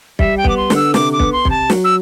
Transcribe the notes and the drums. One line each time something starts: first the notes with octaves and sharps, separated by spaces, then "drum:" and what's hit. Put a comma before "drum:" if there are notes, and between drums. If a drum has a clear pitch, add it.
G3 E5, drum: kick
G5
B3 D6, drum: kick
C6
D3, drum: snare
E6
C3 D6, drum: snare
D6
B3, drum: kick
C6
C3, drum: kick
A5
F#3, drum: snare
E6